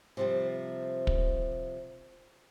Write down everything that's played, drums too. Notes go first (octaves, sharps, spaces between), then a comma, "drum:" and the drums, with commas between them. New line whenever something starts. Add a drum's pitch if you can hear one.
C3 F3 G3
drum: kick